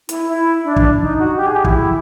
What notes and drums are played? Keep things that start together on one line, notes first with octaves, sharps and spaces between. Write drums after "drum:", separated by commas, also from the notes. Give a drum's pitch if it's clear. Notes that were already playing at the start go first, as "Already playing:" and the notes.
E4, drum: hi-hat
E4
D4
D4, drum: kick
D#4
F#4
G4
G#4
G4
E4, drum: kick